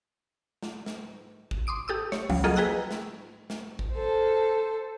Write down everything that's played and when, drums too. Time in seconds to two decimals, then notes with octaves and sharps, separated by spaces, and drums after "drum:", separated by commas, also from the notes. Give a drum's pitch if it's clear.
0.63 drum: snare
0.86 drum: snare
1.51 drum: kick G#1
1.67 C6 D6 D#6 D7
1.88 G4 A4 D#6 E6
2.12 C#5, drum: snare
2.29 C#2 F3 G3, drum: cymbal
2.44 F#3 A#3 F4 G#4 A4 D#5
2.56 G#4 B4 G5 A#5 E6 F#6, drum: hi-hat
2.91 drum: snare
3.50 drum: snare
3.79 drum: kick G#1
3.93 A4 C5